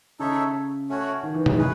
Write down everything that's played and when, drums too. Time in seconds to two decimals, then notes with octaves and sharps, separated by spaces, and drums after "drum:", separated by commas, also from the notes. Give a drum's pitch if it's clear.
0.19 C#3 D#4 A4 C#5 E5
0.89 A3 C#4 F#4 C#5
1.23 D#3
1.34 E3
1.46 F#3, drum: tom
1.58 G#3 C#4 G#4 B4